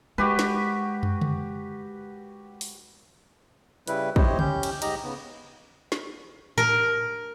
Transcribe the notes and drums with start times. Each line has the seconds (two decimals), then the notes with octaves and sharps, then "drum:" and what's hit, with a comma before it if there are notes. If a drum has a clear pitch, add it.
0.18 G#3 F#4 G4 B4
0.39 drum: snare
1.03 drum: tom
1.21 drum: tom C#3
2.61 drum: open hi-hat
3.87 C#3 G3 E4 B4, drum: hi-hat
4.16 E4 G4 C5 C#5 D#5, drum: kick
4.39 C#4 G4 G6, drum: tom C#3
4.63 drum: cymbal
4.82 G#2 G4 D#5 A#5, drum: cymbal
5.03 C#3 B3
5.92 drum: snare
6.58 A#4, drum: tom A2